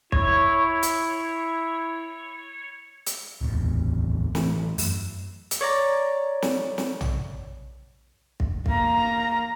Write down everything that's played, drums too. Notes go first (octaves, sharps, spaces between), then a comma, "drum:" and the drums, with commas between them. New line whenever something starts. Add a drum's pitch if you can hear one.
E4 C#5, drum: kick
drum: hi-hat
drum: hi-hat
D1 A1 E2
E3 A3, drum: snare
F#2, drum: open hi-hat
drum: hi-hat
C#5 D5 A#5
drum: snare
drum: snare
drum: tom
drum: kick
A#3 A#5, drum: kick